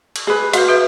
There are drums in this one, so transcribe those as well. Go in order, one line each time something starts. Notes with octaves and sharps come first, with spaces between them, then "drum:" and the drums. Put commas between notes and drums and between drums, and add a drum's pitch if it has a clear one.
drum: cymbal
G#4 B4
F#4 B4 F5, drum: cymbal
G#4 B4 E5